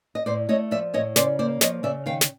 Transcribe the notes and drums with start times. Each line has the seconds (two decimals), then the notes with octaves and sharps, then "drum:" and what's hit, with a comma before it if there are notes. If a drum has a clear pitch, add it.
0.15 D#5
0.26 A2 C5 D5
0.49 A3 C#5 D#5
0.71 F3 D5 E5
0.94 A2 C#5 D#5
1.16 C#3 C5 D5, drum: snare
1.39 A#3 C5 D5
1.61 F3 C#5 D#5, drum: snare
1.83 C#3 D5 E5
2.06 D#3 F5 G5
2.21 drum: snare